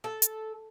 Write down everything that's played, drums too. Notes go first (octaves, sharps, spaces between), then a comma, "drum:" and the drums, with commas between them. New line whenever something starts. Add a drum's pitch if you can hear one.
A4
drum: hi-hat